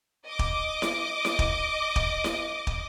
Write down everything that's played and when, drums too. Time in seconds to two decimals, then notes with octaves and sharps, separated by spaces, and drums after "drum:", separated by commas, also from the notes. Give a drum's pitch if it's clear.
0.25 D#5 D6
0.39 drum: kick
0.82 drum: snare E4
1.25 drum: snare E4
1.39 drum: kick
1.96 drum: kick
2.24 drum: snare E4
2.67 drum: kick